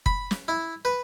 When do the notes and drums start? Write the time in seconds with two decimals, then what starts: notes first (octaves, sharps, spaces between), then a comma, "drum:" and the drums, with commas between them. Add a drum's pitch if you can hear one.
0.06 B5, drum: kick F#1
0.31 drum: snare
0.48 E4
0.85 B4